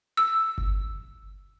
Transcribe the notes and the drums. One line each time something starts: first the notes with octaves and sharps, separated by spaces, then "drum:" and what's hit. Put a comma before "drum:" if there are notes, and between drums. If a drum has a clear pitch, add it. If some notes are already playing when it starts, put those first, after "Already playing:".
E6
drum: kick G1